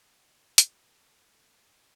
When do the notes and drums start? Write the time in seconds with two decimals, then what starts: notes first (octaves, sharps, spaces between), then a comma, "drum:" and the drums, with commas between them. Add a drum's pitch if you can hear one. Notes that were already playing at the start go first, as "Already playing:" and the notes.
0.15 F#4
0.58 drum: hi-hat
0.88 A4
1.61 G#4